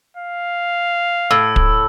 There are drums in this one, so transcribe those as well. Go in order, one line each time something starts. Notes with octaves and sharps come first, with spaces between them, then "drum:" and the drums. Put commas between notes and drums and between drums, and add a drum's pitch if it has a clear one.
F5
A2 E6
drum: kick